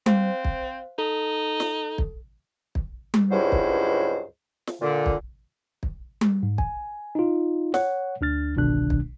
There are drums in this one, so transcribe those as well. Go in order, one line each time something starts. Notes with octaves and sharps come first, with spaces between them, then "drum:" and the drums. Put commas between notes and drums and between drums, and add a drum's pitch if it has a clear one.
C4 C5 F5, drum: tom G3
drum: kick
D#4 A4
drum: snare
drum: kick
drum: kick
drum: tom G3
C#2 G2 F#3 G#3 E4 C5
drum: kick
drum: snare
A#2 D3
drum: kick
drum: kick
drum: tom G3
G#2
G#5, drum: kick
D#4 F4
C#5 F#5, drum: snare
D2 D4 F6 A6
G1 C2 B2 D#3 D4 F#6
drum: kick